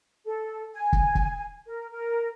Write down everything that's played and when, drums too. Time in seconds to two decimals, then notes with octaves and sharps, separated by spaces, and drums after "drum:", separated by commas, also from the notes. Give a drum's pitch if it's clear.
0.25 A4
0.74 G#5
0.93 drum: kick
1.15 drum: kick
1.67 A#4
1.91 A#4